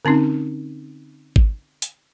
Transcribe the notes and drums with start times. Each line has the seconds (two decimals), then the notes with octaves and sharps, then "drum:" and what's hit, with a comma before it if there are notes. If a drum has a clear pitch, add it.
0.05 D3 C4 C#4 D#4
1.36 drum: kick G#1
1.82 drum: hi-hat